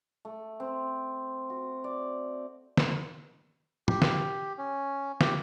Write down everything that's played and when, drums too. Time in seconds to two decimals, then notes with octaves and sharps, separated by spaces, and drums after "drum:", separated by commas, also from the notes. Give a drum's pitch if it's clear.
0.25 A3
0.60 C4
1.50 F#4
1.84 D5
2.77 drum: snare
3.88 G4, drum: tom
4.02 drum: snare
4.58 C#4
5.21 G4, drum: snare